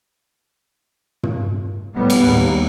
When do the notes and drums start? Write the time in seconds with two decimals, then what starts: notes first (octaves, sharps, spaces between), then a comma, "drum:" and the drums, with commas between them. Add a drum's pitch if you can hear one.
1.23 drum: tom
1.95 A2 G3 B3
2.10 drum: cymbal
2.24 D#2